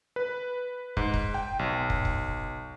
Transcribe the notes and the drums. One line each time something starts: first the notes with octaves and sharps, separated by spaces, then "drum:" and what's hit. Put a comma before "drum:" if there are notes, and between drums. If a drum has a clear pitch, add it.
B4
G#2, drum: kick
drum: kick
G5
B1
drum: kick
drum: kick